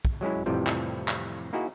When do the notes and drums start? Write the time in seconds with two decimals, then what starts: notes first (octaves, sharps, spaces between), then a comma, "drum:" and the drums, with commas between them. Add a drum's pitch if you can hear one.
0.05 drum: kick
0.21 F#3 G#3 C#4 E4
0.46 F2 A2 C3 E3 F3 G3
0.67 drum: clap
1.08 drum: clap
1.53 A#3 D#4 E4 F#4 G#4 D#5